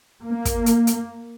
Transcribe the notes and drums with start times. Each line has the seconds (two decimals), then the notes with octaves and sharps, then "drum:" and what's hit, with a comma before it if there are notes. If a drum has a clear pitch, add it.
0.25 A#3
0.45 drum: kick, hi-hat
0.66 drum: hi-hat
0.87 drum: hi-hat